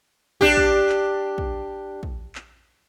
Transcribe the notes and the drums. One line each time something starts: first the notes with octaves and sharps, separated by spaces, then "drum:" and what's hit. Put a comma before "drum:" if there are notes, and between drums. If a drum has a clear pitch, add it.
D4 G4, drum: kick
drum: kick
drum: clap
drum: kick
drum: kick
drum: clap